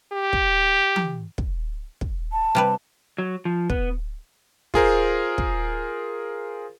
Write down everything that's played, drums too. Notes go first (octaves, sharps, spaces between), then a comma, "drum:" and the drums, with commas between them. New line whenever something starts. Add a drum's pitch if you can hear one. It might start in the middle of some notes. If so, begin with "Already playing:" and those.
G4
drum: kick
drum: tom E3
drum: kick
drum: kick
A5
C3 G3 B4
F#3
F3
B3, drum: kick
F4 G#4 A#4 C5, drum: kick
drum: kick